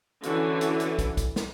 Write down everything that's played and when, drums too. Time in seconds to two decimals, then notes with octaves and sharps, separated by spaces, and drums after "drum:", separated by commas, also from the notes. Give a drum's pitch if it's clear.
0.23 D3 E3 C#4 F#4, drum: hi-hat
0.61 drum: hi-hat
0.80 drum: hi-hat
0.99 drum: kick, hi-hat
1.17 drum: kick, hi-hat
1.36 drum: snare